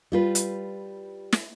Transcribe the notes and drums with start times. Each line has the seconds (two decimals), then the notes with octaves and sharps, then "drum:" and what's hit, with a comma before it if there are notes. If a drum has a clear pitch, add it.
0.12 G3 F4 B4
0.35 drum: hi-hat
1.33 drum: snare